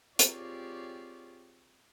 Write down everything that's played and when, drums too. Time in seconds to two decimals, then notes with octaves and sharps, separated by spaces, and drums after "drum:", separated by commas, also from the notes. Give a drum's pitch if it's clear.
0.19 C4 F4 G4 G#4 C#5 D5, drum: hi-hat